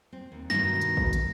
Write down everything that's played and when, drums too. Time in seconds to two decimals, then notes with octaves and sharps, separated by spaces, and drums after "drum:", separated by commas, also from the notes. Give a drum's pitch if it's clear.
0.12 C4
0.32 D#2
0.50 G2 B2 D#3 A#6, drum: snare
0.81 drum: hi-hat
0.97 drum: kick A1
1.13 drum: hi-hat